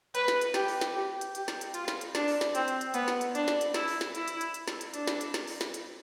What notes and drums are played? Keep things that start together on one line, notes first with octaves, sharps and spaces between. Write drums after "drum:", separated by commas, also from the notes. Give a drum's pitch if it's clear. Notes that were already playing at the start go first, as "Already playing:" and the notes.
B4, drum: hi-hat
drum: snare
drum: hi-hat
G4, drum: snare
drum: open hi-hat
drum: snare
G4
drum: hi-hat
G4, drum: hi-hat
drum: snare
drum: hi-hat
F4, drum: hi-hat
drum: snare
drum: hi-hat
D4, drum: snare
drum: open hi-hat
drum: snare
C4, drum: hi-hat
drum: hi-hat
drum: hi-hat
B3, drum: hi-hat
drum: snare
drum: hi-hat
D4, drum: hi-hat
drum: snare
drum: hi-hat
E4, drum: snare
drum: open hi-hat
drum: snare
E4, drum: hi-hat
drum: hi-hat
drum: hi-hat
drum: hi-hat
drum: snare
drum: hi-hat
D4, drum: hi-hat
drum: snare
drum: hi-hat
drum: snare
drum: open hi-hat
drum: snare
drum: hi-hat